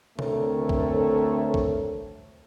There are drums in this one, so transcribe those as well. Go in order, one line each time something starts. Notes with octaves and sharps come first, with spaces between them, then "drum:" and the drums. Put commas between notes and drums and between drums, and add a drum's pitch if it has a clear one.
D2 A3 C4 A4 A#4 C#5, drum: tom C3
drum: kick
drum: kick